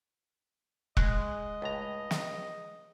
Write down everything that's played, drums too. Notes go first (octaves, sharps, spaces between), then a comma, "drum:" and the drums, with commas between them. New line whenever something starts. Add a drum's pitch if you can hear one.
G#3 D#5 F#6, drum: kick E1
C#2 A2 A#5
drum: snare